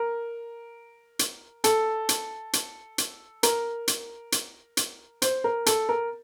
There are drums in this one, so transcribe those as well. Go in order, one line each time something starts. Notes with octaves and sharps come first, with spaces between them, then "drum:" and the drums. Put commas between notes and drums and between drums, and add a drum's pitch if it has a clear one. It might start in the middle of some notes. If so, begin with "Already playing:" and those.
Already playing: A#4
drum: hi-hat
A4, drum: hi-hat
drum: hi-hat
drum: hi-hat
drum: hi-hat
A#4, drum: hi-hat
drum: hi-hat
drum: hi-hat
drum: hi-hat
C5, drum: hi-hat
A#4
A4, drum: hi-hat
A#4